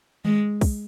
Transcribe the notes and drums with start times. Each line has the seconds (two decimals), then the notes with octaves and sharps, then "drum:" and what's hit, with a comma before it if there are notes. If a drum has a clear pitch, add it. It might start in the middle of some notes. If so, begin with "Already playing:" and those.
0.25 G#3, drum: tom D#3
0.61 drum: kick, open hi-hat